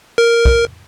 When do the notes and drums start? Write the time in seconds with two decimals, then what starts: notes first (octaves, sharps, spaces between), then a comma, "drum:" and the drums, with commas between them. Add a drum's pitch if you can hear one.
0.18 A#4
0.45 drum: kick